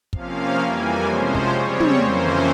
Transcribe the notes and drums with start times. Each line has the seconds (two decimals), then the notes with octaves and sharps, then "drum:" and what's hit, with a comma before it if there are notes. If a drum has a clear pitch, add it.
0.13 C3 F3 A#3 C#4 F5, drum: kick
0.59 F2 E3 G3 A#3 G#5
1.04 C3 F3 G#3 C#4 C5
1.35 drum: kick
1.50 C#3 G3 C4 C#5
1.80 drum: tom
1.95 F2 E3 A#3 C#4 C5